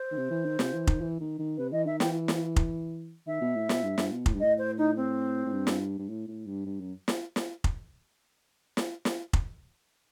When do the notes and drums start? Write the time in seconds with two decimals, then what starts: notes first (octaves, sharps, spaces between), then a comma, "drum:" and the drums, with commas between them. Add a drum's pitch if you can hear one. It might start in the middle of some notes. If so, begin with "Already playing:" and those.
Already playing: C5
0.12 D#3
0.17 C3
0.30 E3
0.45 D#3
0.59 C3, drum: snare
0.73 E3
0.87 D#3, drum: kick F1
1.01 E3
1.20 D#3
1.39 D#3
1.57 C3 B4
1.72 E3 D#5
1.86 D#3 E5
2.00 E3 G5, drum: snare
2.28 drum: snare
2.56 drum: kick F1
3.27 D#3 E5
3.41 B2
3.55 A2
3.69 B2, drum: snare
3.83 G2
3.98 G2, drum: snare
4.12 B2
4.26 A2, drum: kick F1
4.34 G2
4.40 A2 D#5
4.58 C5
4.78 D#4
4.96 C4
5.46 A2
5.53 G2
5.67 drum: snare
5.99 G2
6.09 A2
6.28 A2
6.47 G2
6.66 G2
6.80 F#2
7.08 drum: snare
7.36 drum: snare
7.64 drum: kick F1
8.77 drum: snare
9.05 drum: snare
9.33 drum: kick F1